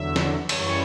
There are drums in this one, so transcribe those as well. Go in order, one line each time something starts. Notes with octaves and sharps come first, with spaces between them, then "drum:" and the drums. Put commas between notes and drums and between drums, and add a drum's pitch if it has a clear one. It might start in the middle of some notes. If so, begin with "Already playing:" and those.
Already playing: E2 D3 F#3 E5
drum: snare
F#2 E3 G3 C#5, drum: cymbal